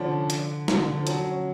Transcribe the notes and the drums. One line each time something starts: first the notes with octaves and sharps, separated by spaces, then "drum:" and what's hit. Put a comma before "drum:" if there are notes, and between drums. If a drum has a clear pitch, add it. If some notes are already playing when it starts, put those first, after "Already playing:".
Already playing: D3 F3 C#4 D4
drum: hi-hat
D3, drum: snare
D3
F3
F#3, drum: hi-hat
C#4